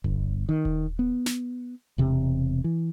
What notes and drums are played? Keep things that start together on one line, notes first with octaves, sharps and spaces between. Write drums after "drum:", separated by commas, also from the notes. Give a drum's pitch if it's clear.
G1, drum: kick D#1
D#3
drum: kick D#1
B3
drum: snare
E1 C3
E3